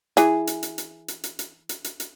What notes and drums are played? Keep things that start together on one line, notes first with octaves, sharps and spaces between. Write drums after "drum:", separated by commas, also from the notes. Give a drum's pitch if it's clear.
E3 G#4, drum: hi-hat
drum: hi-hat
drum: hi-hat
drum: hi-hat
drum: hi-hat
drum: hi-hat
drum: hi-hat
drum: hi-hat
drum: hi-hat
drum: hi-hat